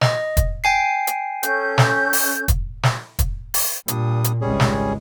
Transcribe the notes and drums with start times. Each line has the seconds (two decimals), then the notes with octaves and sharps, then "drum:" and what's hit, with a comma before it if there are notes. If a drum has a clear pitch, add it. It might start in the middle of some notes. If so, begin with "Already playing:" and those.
0.01 D#5, drum: snare
0.37 drum: kick, hi-hat
0.64 G5 G#5 C7
1.07 drum: hi-hat
1.43 C#4 A4 G6, drum: hi-hat
1.78 drum: snare
2.13 drum: open hi-hat
2.48 drum: kick, hi-hat
2.83 drum: snare
3.19 drum: kick, hi-hat
3.54 drum: open hi-hat
3.88 A#2 G3 D4 D#6, drum: hi-hat
4.24 drum: hi-hat
4.41 G#1 C#2 G3 G#3 C#4 G#4
4.60 drum: snare